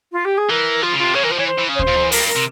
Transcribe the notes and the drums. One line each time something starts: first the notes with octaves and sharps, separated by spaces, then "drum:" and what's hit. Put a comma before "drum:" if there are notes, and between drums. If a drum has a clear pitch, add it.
F4
G4
G#4
E3 A#4
F3 F4
C#3
C3 F4
C#3 C#5
E3 A#4
F3 C5
E3 C#5
C5
E3
C#3
C#5
C5, drum: kick D2
A#2
F2
E2
F2 A#4, drum: open hi-hat
G2
A#4
C3